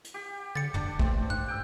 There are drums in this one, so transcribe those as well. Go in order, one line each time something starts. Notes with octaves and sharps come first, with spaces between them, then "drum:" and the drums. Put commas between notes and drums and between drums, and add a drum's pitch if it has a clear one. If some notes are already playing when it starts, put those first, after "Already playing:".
drum: hi-hat
G4
D3 A6 C#7
F1 D4, drum: tom
A3 C4, drum: kick
G#2 F#6
G5 E6